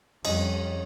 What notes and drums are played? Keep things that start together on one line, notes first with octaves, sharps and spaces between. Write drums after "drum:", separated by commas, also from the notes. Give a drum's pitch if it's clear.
F2 G3 C#4 D#5, drum: cymbal